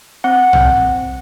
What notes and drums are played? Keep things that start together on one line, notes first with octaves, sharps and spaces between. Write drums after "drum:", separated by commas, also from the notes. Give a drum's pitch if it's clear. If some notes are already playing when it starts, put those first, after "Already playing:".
C4 F#5
drum: tom